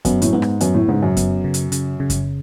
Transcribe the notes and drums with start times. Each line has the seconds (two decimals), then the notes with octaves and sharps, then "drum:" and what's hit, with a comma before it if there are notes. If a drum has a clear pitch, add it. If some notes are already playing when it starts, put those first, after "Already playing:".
0.05 F#2 B3, drum: kick F#2, hi-hat
0.22 A2, drum: hi-hat
0.33 G#2 B3
0.42 drum: rim click
0.61 F#2 B3, drum: hi-hat
0.74 A2
0.89 G#2 C#3
1.03 F#2
1.17 B3, drum: kick F#2, hi-hat
1.44 C#3
1.54 drum: hi-hat
1.72 C#3, drum: hi-hat
2.00 C#3
2.10 drum: kick F#2, hi-hat